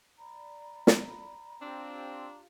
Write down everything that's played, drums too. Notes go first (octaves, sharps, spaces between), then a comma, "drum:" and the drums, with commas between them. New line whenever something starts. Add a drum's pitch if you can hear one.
D5 A#5 B5
drum: snare
C4 D4 F4 G4 F5